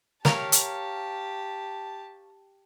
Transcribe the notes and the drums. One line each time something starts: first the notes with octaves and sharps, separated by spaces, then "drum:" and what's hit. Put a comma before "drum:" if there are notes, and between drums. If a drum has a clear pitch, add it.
G4 A#4 C#5 F5 A5, drum: snare
drum: hi-hat